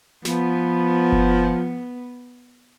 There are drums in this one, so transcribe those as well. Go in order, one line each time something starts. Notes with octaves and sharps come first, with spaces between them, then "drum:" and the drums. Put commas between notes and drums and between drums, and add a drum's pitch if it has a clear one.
F3 B3, drum: snare
drum: kick F#1